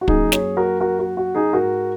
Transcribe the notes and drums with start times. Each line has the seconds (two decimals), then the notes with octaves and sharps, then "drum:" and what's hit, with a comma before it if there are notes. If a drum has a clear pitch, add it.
0.01 F#4
0.08 F#2 F#3 A#3 D#4 G#4, drum: kick
0.32 G#4 C#5, drum: snare
0.57 F#4 A#4
0.80 F#4 A#4
0.99 F#4
1.17 F#4
1.35 D#4 G#4
1.53 G#2 G#3 F#4 A#4